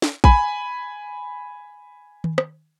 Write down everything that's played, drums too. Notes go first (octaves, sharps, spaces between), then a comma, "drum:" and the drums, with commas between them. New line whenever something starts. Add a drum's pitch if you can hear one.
drum: snare
G#5 B5, drum: kick A1
drum: tom D#3
drum: rim click